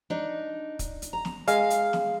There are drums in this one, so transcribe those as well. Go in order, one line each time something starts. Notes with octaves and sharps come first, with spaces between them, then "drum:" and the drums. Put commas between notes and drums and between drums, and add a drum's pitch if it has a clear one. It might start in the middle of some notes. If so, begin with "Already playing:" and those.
D4 D#4
drum: kick, hi-hat
drum: hi-hat
A#5
drum: snare
G#3 F5, drum: hi-hat
drum: hi-hat
drum: snare